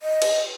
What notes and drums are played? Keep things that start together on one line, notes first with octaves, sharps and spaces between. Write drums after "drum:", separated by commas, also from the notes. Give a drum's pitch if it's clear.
D#5
drum: cymbal